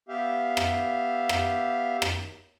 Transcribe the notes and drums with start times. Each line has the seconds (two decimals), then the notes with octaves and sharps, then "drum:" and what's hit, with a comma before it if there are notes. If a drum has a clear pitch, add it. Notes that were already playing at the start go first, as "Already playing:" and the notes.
0.09 B3 G4 E5 F5
0.57 drum: rim click
1.29 drum: rim click
2.02 drum: rim click